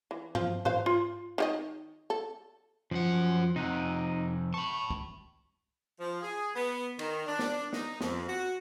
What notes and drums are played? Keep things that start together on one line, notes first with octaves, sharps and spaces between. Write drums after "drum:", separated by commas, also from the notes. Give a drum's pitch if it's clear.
E3
F3, drum: tom G2
B4 C5 F5, drum: tom G#2
F4
D#3 G4 D#5
A4
F#2 F3 F#5
F2 C3 D#4 F#5
A5 B5 C#6
drum: kick
F3
G#4
B3
D#3, drum: cymbal
D4
drum: snare
D#4, drum: snare
F2, drum: snare
F#4